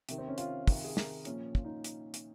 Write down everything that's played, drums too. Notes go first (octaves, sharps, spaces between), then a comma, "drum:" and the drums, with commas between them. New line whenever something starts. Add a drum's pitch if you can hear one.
C3 D#3, drum: hi-hat
C4
C#4
F4, drum: hi-hat
C3 D#3, drum: kick, open hi-hat
G#4
A#4, drum: snare
A#2 F3 C#4, drum: hi-hat
F4, drum: kick
D#4
drum: hi-hat
drum: hi-hat